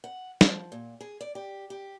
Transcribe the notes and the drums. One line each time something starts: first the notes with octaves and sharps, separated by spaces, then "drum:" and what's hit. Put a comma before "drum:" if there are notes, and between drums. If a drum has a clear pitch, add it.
F#5
F3, drum: snare
A#2
G#4
D5
G4
G4